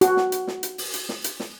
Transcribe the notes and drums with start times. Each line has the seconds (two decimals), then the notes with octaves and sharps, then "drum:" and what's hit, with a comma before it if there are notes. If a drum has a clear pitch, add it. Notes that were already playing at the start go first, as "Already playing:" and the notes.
0.01 F#4, drum: hi-hat
0.17 drum: snare
0.32 drum: hi-hat
0.47 drum: snare
0.63 drum: hi-hat
0.78 drum: open hi-hat
0.94 drum: hi-hat
1.09 drum: snare
1.24 drum: hi-hat
1.40 drum: snare